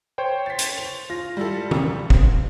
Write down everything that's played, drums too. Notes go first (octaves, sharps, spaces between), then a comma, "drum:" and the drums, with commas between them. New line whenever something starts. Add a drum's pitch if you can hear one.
C5 C#5 G5
A6 B6
drum: hi-hat
F7
F4 A#6
G3 E4 A4
drum: tom
drum: kick